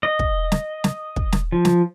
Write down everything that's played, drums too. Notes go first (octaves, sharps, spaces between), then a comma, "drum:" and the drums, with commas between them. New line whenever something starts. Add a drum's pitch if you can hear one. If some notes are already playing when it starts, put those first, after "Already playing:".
D#5
drum: kick
drum: snare
drum: snare
drum: kick
drum: snare
F3
drum: snare